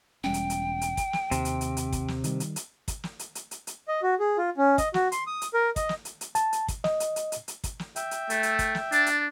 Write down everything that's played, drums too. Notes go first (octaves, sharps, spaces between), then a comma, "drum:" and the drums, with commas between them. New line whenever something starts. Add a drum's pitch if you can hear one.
E1 G3 C#4 G5
drum: hi-hat
drum: hi-hat
drum: hi-hat
drum: kick, hi-hat
drum: snare
D#2 C3, drum: hi-hat
drum: hi-hat
drum: hi-hat
drum: hi-hat
drum: kick, hi-hat
drum: snare
D#3 G3, drum: hi-hat
drum: hi-hat
drum: hi-hat
drum: kick, hi-hat
drum: snare
drum: hi-hat
drum: hi-hat
drum: hi-hat
drum: hi-hat
D#5
F#4
G#4
F4
C#4
D#5, drum: kick, hi-hat
F#4, drum: snare
C6, drum: hi-hat
D#6
drum: hi-hat
A#4
D#5, drum: kick, hi-hat
drum: snare
drum: hi-hat
drum: hi-hat
A5, drum: hi-hat
drum: hi-hat
drum: kick, hi-hat
D#5, drum: snare
drum: hi-hat
drum: hi-hat
drum: hi-hat
drum: hi-hat
drum: kick, hi-hat
drum: snare
E5 G5, drum: hi-hat
drum: hi-hat
A3, drum: hi-hat
drum: hi-hat
drum: kick, hi-hat
drum: snare
D4 A6, drum: hi-hat
drum: hi-hat